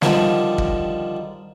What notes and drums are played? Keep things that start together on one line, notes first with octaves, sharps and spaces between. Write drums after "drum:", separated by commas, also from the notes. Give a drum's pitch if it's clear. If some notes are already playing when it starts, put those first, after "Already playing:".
D3 D#3 F3 G3, drum: snare
drum: kick